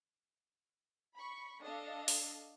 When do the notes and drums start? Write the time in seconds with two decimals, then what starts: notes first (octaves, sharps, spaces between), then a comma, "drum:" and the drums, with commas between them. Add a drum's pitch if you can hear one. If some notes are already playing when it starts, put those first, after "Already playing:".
1.15 B5 C#6
1.63 D4 A4 D#5 F5
2.08 drum: open hi-hat